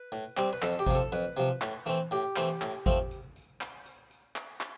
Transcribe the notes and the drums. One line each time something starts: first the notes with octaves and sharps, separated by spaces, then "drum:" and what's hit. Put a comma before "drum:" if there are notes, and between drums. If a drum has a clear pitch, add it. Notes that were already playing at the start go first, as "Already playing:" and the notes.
Already playing: B4
A2, drum: tambourine
G3 C4, drum: clap
B4
F2 A4, drum: clap
G4
C3 F3, drum: kick G#1, tambourine
A4
F2 B4, drum: tambourine
C3 F3, drum: tambourine
A2, drum: clap
E3 A3 C4, drum: tambourine
A2 G4, drum: tambourine
E3 A3 C4, drum: clap
A2, drum: clap
F3 A3 C4, drum: kick G#1
drum: tambourine
drum: tambourine
drum: clap
drum: tambourine
drum: tambourine
drum: clap
drum: clap